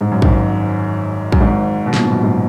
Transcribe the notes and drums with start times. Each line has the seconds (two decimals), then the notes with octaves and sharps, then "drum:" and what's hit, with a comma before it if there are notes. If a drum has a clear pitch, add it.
0.01 G#2
0.11 F#2
0.22 G#1 G#2, drum: kick
1.32 F#2, drum: kick
1.40 G#1 G#2
1.86 B2
1.94 A#2, drum: snare
2.01 G#2
2.11 F#2
2.23 G#2